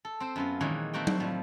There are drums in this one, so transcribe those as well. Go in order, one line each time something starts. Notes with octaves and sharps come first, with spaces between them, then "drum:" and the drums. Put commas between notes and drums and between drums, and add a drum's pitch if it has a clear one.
A4
C4 C5
F#2 B3 F4
A#2 D#3 E3 F#3 G#3
A3 A#3 C4 F#4 G5
drum: tom F#3
A2 F3 G3